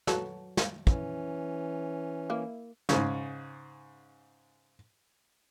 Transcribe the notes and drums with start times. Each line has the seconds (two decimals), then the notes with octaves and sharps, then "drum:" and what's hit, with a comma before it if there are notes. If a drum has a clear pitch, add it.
0.07 F#3 A4 B4, drum: snare
0.57 drum: snare
0.87 E3 C#4, drum: kick
2.30 A#3 E4
2.89 G#2 C#3, drum: snare